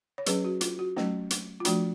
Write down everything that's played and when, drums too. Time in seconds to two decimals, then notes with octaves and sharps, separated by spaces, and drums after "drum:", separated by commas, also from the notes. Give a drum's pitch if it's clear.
0.18 C#5
0.26 F#3 C#4 G#4 B4, drum: hi-hat
0.45 F#4
0.61 F4, drum: hi-hat
0.79 F#4
0.97 F#3 A3 C#4, drum: snare
1.30 drum: hi-hat
1.60 F4
1.65 F3 A3 D4 F#4, drum: hi-hat